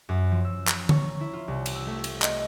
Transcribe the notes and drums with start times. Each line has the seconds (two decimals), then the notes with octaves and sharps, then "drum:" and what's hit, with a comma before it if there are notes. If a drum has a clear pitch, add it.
0.09 F#2
0.31 F3
0.45 E6
0.67 A#5, drum: clap
0.89 C#5, drum: tom D3
1.21 E4
1.33 F4
1.48 C2
1.66 drum: cymbal
1.75 E6
1.86 A3
2.04 drum: cymbal
2.22 D#5, drum: clap